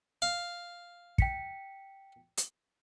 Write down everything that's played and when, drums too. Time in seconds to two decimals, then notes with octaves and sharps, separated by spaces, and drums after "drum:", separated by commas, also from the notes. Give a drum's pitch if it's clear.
0.22 F5
1.18 G5 B6 C#7, drum: kick
2.38 drum: hi-hat